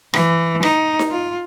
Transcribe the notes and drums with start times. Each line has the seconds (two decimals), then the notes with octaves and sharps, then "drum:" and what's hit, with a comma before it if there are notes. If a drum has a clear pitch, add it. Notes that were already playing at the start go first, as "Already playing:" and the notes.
0.14 E3, drum: rim click
0.63 D#4, drum: rim click
0.99 drum: snare D#4
1.11 F4